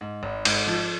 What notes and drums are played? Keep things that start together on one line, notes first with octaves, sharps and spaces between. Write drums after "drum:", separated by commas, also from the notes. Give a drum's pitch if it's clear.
G#2
G#1
G#2, drum: cymbal
F3